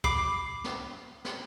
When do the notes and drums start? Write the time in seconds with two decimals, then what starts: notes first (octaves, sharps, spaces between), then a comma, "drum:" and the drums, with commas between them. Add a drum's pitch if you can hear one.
0.04 B5 D6 C7, drum: kick
0.64 drum: snare
1.25 drum: snare